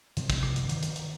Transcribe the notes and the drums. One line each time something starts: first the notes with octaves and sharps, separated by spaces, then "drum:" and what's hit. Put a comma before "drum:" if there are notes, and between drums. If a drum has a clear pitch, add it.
G2 C3 D#3 F3, drum: hi-hat
drum: kick, hi-hat
drum: rim click
drum: hi-hat
D#3, drum: hi-hat
drum: hi-hat
drum: hi-hat